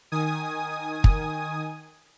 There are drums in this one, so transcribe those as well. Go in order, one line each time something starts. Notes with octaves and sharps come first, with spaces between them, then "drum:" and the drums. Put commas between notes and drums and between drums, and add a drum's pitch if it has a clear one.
D#3 G#5 D#6
drum: kick